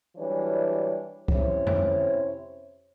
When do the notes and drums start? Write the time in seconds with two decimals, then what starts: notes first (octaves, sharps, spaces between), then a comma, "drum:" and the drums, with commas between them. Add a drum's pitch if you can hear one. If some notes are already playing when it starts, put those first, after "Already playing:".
0.17 E3 F#3 G3 D4 B4 C#5
1.28 C3 C#4 E4 C5 C#5, drum: kick C2
1.67 drum: tom